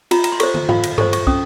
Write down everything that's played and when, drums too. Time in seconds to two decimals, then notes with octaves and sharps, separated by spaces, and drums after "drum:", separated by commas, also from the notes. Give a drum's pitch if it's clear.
0.11 F4 A#5, drum: cymbal
0.24 A#5, drum: cymbal
0.32 C6
0.40 A4 C5 C#6, drum: cymbal
0.54 drum: tom
0.69 F4 F5, drum: tom G#2
0.83 drum: cymbal
0.98 A4 C5 C#6, drum: tom G2
1.13 C#6, drum: cymbal
1.27 C#4 D#6, drum: kick